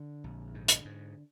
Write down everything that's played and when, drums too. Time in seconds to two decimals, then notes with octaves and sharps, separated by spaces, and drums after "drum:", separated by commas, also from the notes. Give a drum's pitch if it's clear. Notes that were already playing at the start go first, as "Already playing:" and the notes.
Already playing: D3
0.24 A#1
0.54 G#2
0.68 drum: hi-hat
0.85 G#2